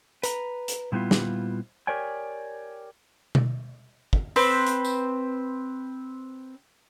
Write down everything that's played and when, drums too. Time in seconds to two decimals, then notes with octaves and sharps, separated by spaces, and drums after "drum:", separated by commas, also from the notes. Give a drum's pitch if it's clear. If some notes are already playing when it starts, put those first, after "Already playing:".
0.23 B4 A#5, drum: hi-hat
0.68 drum: hi-hat
0.92 A#2 G3 B3 E4 F4
1.11 drum: snare
1.87 G4 A#4 C#5 D5 G5 G#5
3.35 drum: tom B2
4.13 drum: kick
4.36 C4 B4 C5 C6, drum: open hi-hat
4.67 drum: hi-hat
4.85 drum: tambourine